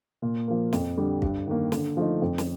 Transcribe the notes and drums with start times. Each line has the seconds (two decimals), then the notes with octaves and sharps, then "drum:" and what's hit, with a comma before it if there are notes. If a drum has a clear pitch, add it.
0.22 A#2
0.48 F3 A#3
0.73 F2, drum: snare
0.97 D3 G3
1.22 G2, drum: kick
1.47 D#3 A#3
1.72 D3, drum: snare
1.97 F3 A3 D#4
2.22 F2
2.38 drum: snare